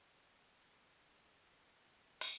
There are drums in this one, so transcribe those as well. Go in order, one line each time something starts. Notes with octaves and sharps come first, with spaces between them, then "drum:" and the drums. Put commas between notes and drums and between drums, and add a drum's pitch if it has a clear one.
C4 G#4 D#5
C#4 D4 E4 F#4 A4
A#3 D4 A#4 F5 F#5
A3 A#3 D4 F4 A#4 F5
F4 G4 A4 F5
E2, drum: open hi-hat